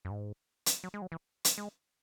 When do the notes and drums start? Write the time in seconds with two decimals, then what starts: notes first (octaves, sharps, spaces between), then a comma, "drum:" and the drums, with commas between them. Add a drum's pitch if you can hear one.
0.05 F#2
0.11 G#2
0.66 drum: hi-hat
0.84 F#3
0.94 G#3
1.02 F#3
1.12 E3
1.45 drum: hi-hat
1.58 G#3